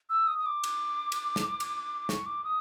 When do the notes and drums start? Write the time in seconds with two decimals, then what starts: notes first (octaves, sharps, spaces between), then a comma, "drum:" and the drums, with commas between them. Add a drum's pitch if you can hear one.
0.10 E6
0.27 D#6
0.38 D#6
0.46 D6
0.64 drum: cymbal
1.12 drum: cymbal
1.36 drum: snare
1.60 drum: cymbal
2.09 C#6, drum: snare
2.26 D6
2.44 D#6